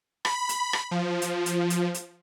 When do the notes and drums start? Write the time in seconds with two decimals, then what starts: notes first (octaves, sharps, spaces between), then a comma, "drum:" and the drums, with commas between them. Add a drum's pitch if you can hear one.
0.25 B5, drum: rim click
0.49 drum: hi-hat
0.73 drum: rim click
0.91 F3
1.22 drum: hi-hat
1.46 drum: hi-hat
1.70 drum: hi-hat
1.94 drum: hi-hat